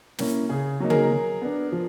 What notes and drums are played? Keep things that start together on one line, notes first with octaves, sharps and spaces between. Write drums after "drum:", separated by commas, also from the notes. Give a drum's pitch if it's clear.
A#3 C#4 E4, drum: snare
C#3 G#4
F#3 A#3 D#4
G#4 A#4, drum: tom C#3
F#3
B3 D4
F3